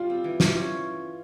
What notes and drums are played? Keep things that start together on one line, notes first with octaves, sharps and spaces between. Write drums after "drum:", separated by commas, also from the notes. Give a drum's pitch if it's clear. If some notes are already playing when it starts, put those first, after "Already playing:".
Already playing: G3 F4
C4
E3
G3, drum: snare
C#4